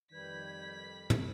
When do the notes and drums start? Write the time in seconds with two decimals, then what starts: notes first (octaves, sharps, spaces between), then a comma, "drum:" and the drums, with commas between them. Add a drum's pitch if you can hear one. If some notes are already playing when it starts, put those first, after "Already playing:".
0.12 F2 D#3 G3 B4 B5 G6 G#6 B6
1.10 drum: tom